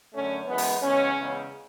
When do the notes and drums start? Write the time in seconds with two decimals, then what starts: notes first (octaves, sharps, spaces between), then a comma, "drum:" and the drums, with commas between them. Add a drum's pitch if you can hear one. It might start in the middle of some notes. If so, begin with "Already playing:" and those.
0.13 F#2 D3 A3 C#4
0.47 F#2 E3 G#3 B3
0.58 drum: open hi-hat
0.82 E2 C#3 G#3 C#4
1.18 E2 C#3 G#3